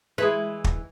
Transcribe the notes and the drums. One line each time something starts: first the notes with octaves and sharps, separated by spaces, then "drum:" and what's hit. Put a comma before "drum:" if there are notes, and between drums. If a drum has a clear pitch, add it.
E3 G#3 G#4 B4
drum: kick